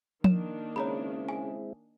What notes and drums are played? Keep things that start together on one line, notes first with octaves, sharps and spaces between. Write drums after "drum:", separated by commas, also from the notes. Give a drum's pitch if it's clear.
D#3 A#3 D4 E7, drum: tom F3
C#3 G#3 C4 E4 C#5 A#5 B5
G#5